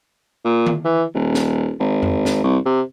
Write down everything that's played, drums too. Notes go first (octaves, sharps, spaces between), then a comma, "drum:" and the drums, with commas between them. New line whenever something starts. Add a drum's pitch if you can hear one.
A#2
drum: tom D#3
E3
D#1
drum: snare
G#1
drum: tom F2
drum: snare
C2
C3